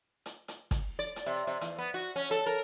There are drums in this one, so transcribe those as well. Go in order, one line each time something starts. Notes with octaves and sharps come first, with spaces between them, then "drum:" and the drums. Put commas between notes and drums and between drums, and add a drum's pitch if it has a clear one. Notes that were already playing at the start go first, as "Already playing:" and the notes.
drum: hi-hat
drum: hi-hat
drum: kick, hi-hat
D5
drum: hi-hat
C3
C3
E2, drum: hi-hat
B3
F#4
C#4
A4, drum: hi-hat
A#4